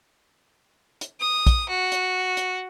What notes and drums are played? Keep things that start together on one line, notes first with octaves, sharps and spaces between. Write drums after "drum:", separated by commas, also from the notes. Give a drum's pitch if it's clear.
drum: hi-hat
D#6
drum: kick, hi-hat
F#4
drum: hi-hat
drum: hi-hat